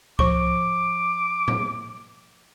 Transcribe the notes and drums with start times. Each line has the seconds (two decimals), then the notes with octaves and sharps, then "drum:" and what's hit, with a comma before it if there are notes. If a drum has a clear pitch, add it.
0.19 F3 C#6 D6, drum: kick C#2
1.48 drum: tom A2